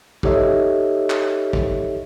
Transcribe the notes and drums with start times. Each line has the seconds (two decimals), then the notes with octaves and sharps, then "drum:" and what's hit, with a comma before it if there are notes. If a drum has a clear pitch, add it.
0.23 D#4 G4 A4 C#5 D#5 E5, drum: kick
1.10 drum: clap
1.53 drum: kick